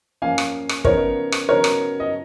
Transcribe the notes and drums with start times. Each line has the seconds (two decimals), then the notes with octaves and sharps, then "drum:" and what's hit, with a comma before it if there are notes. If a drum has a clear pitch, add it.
0.22 F3 A#3 C#4 F5 G#5
0.38 drum: rim click
0.69 drum: rim click
0.85 C#3 F3 B3 D#4 A#4 C#5, drum: kick
1.32 drum: rim click
1.48 C#3 F#3 B3 D#4 A#4 C#5
1.64 drum: rim click
2.00 D#5